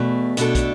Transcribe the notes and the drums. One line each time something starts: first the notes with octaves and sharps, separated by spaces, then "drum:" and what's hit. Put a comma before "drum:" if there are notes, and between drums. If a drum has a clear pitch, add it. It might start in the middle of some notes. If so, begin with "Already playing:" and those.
Already playing: E2 B2 A3
B2 A3 D4 A4, drum: hi-hat
drum: kick, hi-hat